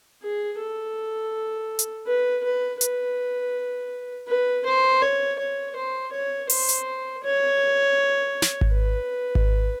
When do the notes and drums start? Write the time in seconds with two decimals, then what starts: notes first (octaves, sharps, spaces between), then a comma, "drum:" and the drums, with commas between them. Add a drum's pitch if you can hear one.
0.23 G#4
0.59 A4
1.79 drum: hi-hat
2.07 B4
2.44 B4
2.81 B4, drum: hi-hat
4.28 B4
4.65 C5
5.02 C#5
5.39 C#5
5.76 C5
6.12 C#5
6.50 C5, drum: open hi-hat
6.69 drum: hi-hat
7.24 C#5
8.42 drum: snare
8.61 drum: kick G#1
8.71 B4
9.35 drum: kick G#1